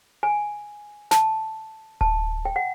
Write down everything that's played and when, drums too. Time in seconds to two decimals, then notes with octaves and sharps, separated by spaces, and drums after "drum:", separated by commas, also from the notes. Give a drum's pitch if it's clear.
0.23 G#5
1.11 A5, drum: snare
2.01 A5, drum: kick D1
2.45 G5
2.56 F#5